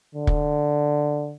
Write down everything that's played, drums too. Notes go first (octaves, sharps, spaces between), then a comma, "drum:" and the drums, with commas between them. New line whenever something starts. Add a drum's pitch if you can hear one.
D3
drum: kick